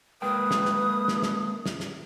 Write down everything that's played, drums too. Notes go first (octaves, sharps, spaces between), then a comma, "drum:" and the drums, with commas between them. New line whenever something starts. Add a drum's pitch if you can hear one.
G#3 A#3 B4 G5 D#6
drum: snare
drum: snare
drum: snare
drum: snare
drum: snare
drum: snare